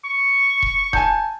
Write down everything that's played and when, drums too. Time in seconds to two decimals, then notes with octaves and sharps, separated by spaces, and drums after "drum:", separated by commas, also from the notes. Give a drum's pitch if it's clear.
0.05 C#6
0.62 drum: kick E1
0.93 G#5 A5 G6, drum: kick E1